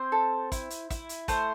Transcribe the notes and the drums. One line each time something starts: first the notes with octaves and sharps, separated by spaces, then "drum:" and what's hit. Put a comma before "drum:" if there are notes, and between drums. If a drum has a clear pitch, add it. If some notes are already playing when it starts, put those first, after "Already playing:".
Already playing: C4 C5
A4
E4, drum: kick, hi-hat
drum: hi-hat
E4, drum: kick, hi-hat
drum: hi-hat
A3 C5, drum: kick, hi-hat